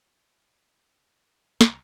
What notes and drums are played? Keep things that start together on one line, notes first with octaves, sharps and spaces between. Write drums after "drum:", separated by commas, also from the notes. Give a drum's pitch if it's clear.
C2 A#5, drum: snare